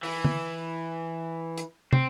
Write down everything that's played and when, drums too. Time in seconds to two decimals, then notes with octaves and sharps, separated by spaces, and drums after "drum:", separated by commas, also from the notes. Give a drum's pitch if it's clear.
0.03 E3, drum: open hi-hat
0.25 drum: tom
1.58 drum: hi-hat
1.93 C4, drum: tom